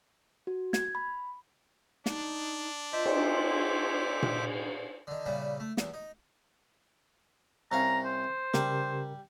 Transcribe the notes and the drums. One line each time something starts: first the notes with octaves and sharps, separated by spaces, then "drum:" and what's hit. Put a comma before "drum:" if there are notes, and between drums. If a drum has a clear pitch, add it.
F#4
G#6, drum: snare
B5
D4 D#4, drum: snare
F4 C5 D#5 E5 D6
drum: cymbal
drum: tom A#2
D3 D#3
A#2 C#3 G3 E4
A3
E2, drum: snare
D#4
C2 C#4 F5 A#5
C5
C#3 G3 G4 A#4, drum: snare